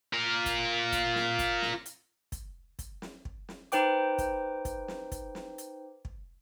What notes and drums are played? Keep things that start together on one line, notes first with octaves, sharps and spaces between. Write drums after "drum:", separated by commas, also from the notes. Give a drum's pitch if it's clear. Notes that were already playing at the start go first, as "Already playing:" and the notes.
F4 A#4
drum: kick, hi-hat
drum: kick, hi-hat
drum: snare
drum: kick, hi-hat
drum: snare
drum: hi-hat
drum: kick, hi-hat
drum: kick, hi-hat
drum: snare
drum: kick
drum: snare
D#4 B4 C5 G5 D6, drum: hi-hat
drum: kick, hi-hat
drum: kick, hi-hat
drum: snare
drum: kick, hi-hat
drum: snare
drum: hi-hat
drum: kick